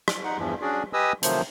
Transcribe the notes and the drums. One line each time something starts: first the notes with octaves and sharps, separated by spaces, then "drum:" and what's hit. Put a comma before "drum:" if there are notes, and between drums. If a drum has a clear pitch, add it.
drum: rim click
D#4 F#5
E2 G2 E3 F3
C#4 D4 F#4 G#4 D5
G4 B4 D#5 G#5 D#6 E6
C3 D#3 F3 F#3 A3 C5, drum: hi-hat